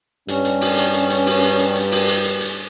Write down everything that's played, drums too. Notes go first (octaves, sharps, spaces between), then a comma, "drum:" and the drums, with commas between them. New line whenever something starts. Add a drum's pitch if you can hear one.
G2 C#4, drum: hi-hat
drum: hi-hat
drum: open hi-hat
drum: hi-hat
drum: hi-hat
drum: hi-hat
drum: open hi-hat
drum: hi-hat
drum: hi-hat
drum: open hi-hat
drum: hi-hat
drum: hi-hat
drum: hi-hat